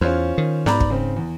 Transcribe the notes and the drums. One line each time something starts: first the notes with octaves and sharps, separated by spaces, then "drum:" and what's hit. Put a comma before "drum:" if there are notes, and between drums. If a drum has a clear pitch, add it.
E2 C#4 F4 C5
D#3
G#2 D5 A#5 B5, drum: snare B3
drum: kick
C#3 C4
E2